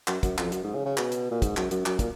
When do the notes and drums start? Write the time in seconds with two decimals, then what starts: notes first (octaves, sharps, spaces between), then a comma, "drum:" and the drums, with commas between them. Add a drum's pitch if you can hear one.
0.08 F#2, drum: clap
0.23 F#2, drum: kick, hi-hat
0.38 F2, drum: clap
0.52 F#2, drum: hi-hat
0.64 G#2
0.75 C#3
0.85 C#3
0.97 B2, drum: clap
1.12 drum: hi-hat
1.31 A#2
1.42 G#2, drum: kick, hi-hat
1.57 F#2, drum: clap
1.71 F#2, drum: hi-hat
1.86 F#2, drum: clap
1.99 A#2, drum: kick, hi-hat